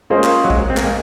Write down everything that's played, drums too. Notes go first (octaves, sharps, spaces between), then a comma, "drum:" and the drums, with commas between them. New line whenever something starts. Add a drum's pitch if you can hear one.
G#3 A#3 C#4 F4 G#4 C5
drum: clap
F#3
G#3, drum: kick A#1
C4
A#3, drum: clap
G#3